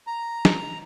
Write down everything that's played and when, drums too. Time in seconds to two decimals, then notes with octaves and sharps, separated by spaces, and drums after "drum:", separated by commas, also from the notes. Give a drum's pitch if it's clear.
0.07 A#5
0.45 drum: snare